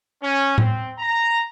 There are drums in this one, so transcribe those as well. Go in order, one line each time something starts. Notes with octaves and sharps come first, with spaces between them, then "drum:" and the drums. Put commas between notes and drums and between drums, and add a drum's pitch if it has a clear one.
C#4
C4, drum: tom A2
A#5